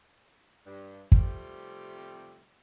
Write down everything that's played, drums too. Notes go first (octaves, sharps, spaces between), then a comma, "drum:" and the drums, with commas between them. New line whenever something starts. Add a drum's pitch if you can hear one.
G2
C3 F3 G3 A3 C4 G4, drum: kick